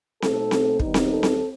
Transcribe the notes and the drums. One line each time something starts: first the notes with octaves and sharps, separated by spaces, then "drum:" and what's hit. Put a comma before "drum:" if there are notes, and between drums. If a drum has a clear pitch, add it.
B2 A3 C4 D#4 A4, drum: snare C4
drum: snare C4
D#2 D#3 G3 B3 D#4, drum: kick
drum: snare C4
A4
drum: snare C4